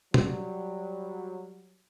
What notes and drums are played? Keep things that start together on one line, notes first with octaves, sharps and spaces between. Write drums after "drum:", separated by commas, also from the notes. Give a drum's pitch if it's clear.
F#3 G3, drum: tom B2